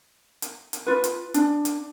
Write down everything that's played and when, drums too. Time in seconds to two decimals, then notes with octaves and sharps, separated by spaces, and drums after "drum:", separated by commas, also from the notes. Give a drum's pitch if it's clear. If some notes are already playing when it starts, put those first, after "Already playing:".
0.42 drum: hi-hat
0.73 drum: hi-hat
0.86 F4 B4
1.04 drum: hi-hat
1.34 D4, drum: hi-hat
1.65 drum: hi-hat